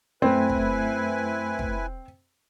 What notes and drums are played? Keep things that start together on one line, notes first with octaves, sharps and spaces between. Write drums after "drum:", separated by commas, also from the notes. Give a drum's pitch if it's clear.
F#2 A3 C4 E4 B4 G#5
drum: kick
drum: kick